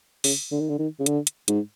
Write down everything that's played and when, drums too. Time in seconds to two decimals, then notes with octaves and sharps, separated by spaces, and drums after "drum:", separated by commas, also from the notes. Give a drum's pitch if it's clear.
0.24 C#3, drum: open hi-hat
0.51 D3
0.60 D#3
0.69 D3
0.79 D#3
0.99 C#3
1.06 D3, drum: hi-hat
1.27 drum: hi-hat
1.48 G#2, drum: hi-hat